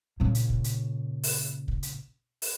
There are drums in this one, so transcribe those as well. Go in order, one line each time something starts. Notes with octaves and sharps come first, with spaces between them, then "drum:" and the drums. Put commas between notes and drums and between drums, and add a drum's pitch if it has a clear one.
A#2 C#3
drum: hi-hat
drum: kick
drum: hi-hat
drum: open hi-hat
drum: kick
drum: hi-hat
drum: open hi-hat